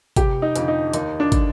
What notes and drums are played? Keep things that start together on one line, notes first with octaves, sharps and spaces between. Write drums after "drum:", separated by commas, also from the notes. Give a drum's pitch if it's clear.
F1 G4, drum: kick, hi-hat
D#4
F2 D3, drum: hi-hat
D#4
D#2 D#4, drum: hi-hat
D4
D3, drum: kick, hi-hat